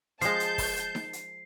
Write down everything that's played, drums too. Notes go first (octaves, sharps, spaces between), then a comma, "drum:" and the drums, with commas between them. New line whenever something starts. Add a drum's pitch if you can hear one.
F3 G#3 A5 G6 C7, drum: hi-hat
drum: hi-hat
drum: kick, open hi-hat
drum: hi-hat
drum: snare D#4
drum: hi-hat